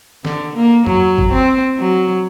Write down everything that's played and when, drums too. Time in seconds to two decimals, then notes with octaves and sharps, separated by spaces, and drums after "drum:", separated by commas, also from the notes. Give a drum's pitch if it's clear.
0.25 D3, drum: snare
0.56 A#3
0.86 F#3, drum: tom F2
1.18 drum: kick G1
1.32 C4
1.78 F#3